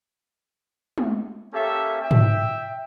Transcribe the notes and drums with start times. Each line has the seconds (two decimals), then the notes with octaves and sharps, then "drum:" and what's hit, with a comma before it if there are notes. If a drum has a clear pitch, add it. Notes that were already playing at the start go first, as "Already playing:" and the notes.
0.98 drum: tom G#3
1.53 A#3 C#4 G4 A4 E5
2.00 E5 G5
2.11 drum: tom G#2